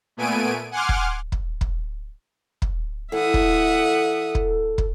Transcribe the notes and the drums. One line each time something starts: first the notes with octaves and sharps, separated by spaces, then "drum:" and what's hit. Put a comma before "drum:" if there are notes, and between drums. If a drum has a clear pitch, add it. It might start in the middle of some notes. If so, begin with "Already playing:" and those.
A#2 A3 B3 G#5 D7 D#7
F#5 G#5 C6 D6 F6
drum: kick
drum: kick
drum: kick
drum: kick
E3 A4 E5 F#5 D#6
drum: kick
drum: kick
drum: kick